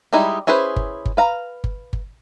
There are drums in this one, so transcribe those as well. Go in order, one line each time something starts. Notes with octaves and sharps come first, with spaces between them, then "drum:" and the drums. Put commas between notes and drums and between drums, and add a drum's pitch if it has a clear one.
G3 G#3 D#4 E4 G#5
C#4 E4 G#4 B4 C5
drum: kick G1
drum: kick G1
B4 F5 A#5
drum: kick G1
drum: kick G1